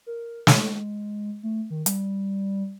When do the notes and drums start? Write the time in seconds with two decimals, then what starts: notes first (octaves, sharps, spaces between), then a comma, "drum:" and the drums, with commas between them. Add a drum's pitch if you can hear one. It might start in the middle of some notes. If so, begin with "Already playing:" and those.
0.06 A#4
0.47 G#3, drum: snare
1.43 A3
1.70 D#3
1.86 G3, drum: hi-hat